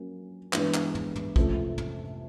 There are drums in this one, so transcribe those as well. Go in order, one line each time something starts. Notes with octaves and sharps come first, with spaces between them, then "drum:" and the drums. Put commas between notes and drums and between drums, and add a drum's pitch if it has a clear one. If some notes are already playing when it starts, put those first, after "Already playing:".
Already playing: F#3 A#3 C#4
G2 E3 G#3 B3 D4, drum: clap
drum: clap
drum: tom
drum: tom
F2 C3 F3 A3 C#4, drum: kick A#1
drum: tom